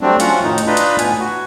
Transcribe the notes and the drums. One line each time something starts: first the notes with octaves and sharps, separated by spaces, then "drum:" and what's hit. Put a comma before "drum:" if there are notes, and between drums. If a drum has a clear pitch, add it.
F#3 G3 A3 C4 D4
C#4 F4 F#4 F#5, drum: hi-hat
F2 A2 D#3 D#4
drum: hi-hat
D4 D#4 F4 B4 D#5 B5
drum: hi-hat
A2 B3 G#5, drum: hi-hat
F#4